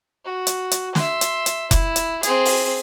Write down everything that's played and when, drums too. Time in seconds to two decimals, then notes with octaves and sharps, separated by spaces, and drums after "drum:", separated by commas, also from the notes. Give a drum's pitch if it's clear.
0.25 F#4
0.47 drum: hi-hat
0.71 drum: hi-hat
0.95 E5 C6, drum: snare
1.21 drum: hi-hat
1.46 drum: hi-hat
1.71 E4, drum: kick F1, hi-hat
1.96 drum: hi-hat
2.23 C4 G#4, drum: hi-hat
2.45 drum: open hi-hat